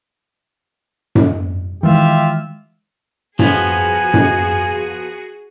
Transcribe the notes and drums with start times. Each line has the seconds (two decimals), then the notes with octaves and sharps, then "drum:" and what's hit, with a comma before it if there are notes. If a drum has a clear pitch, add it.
1.15 drum: tom F#2
1.83 D#3 E3 G#3 F4 G4 E5
3.39 F3 B3 F#4 G#4 G#5, drum: tom F#2
4.14 drum: tom F#2